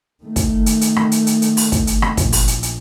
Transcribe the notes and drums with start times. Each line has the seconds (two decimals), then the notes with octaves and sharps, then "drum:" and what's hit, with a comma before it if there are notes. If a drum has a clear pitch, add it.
0.23 D#3 A3
0.36 drum: kick, hi-hat
0.66 drum: hi-hat
0.81 drum: hi-hat
0.96 drum: rim click
1.12 drum: hi-hat
1.27 drum: hi-hat
1.42 drum: hi-hat
1.57 drum: open hi-hat
1.72 drum: kick, hi-hat
1.87 drum: hi-hat
2.02 drum: rim click
2.17 A#1, drum: kick, hi-hat
2.32 drum: open hi-hat
2.48 drum: hi-hat
2.63 drum: hi-hat